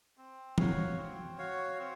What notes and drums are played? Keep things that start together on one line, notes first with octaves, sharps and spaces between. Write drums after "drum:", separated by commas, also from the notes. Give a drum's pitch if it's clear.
C4
F#4 C#5 F5, drum: tom
C4
F#4 C#5 F5
C4